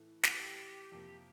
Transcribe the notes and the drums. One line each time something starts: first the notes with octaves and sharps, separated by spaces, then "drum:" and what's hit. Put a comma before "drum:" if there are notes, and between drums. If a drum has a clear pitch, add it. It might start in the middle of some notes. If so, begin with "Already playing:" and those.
Already playing: A2 E3 A3
F#4, drum: snare
G4
F2 C3 F3 A#3